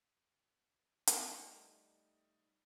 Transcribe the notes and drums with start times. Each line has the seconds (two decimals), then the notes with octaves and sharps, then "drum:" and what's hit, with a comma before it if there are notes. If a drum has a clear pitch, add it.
1.07 G3 A3 D#4, drum: hi-hat